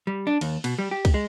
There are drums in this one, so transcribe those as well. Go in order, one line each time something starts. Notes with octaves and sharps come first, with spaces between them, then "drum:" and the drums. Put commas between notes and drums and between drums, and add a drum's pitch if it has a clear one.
G3
D4
D#2, drum: cymbal
B2, drum: cymbal
G3
G4
drum: kick, cymbal
G#3